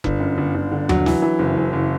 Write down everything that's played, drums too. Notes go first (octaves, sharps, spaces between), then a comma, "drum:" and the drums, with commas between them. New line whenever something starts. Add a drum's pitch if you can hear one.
G1, drum: kick F1
F#2
G1
G1
D3
F#3, drum: tom D#2
E3, drum: snare
E3
F#1
F#1
F#1